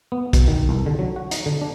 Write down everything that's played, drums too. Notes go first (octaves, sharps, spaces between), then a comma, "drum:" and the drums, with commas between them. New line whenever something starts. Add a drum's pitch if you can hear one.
B3
B2, drum: kick, hi-hat
D#3
C2
D3
F#3
F#4
D#4, drum: hi-hat
D3
D4